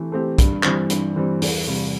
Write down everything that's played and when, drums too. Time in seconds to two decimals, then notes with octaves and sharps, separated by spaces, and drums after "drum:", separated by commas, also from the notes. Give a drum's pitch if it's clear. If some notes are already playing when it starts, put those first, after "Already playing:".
Already playing: E3 A3 C4 G4
0.12 A3 C4 G4
0.38 G2, drum: kick, hi-hat
0.63 E3 G3 C4, drum: clap
0.90 G2, drum: hi-hat
1.16 E3 G3 C4
1.42 E2, drum: open hi-hat
1.67 C3 G3